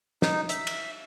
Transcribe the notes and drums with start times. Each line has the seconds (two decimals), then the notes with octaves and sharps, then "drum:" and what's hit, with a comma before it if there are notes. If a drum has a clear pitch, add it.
0.22 D#4, drum: snare
0.49 E5, drum: hi-hat
0.67 drum: cymbal